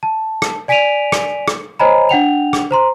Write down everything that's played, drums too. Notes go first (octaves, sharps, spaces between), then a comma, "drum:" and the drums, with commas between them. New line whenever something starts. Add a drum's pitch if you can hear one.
A5
drum: rim click
D5 G#5 B6 D7 D#7 F7
drum: rim click
drum: rim click
C5 C#5 D#5 G#5 A#5 B5
D4 F#5 G5 F7
drum: rim click
C5 A#5 C6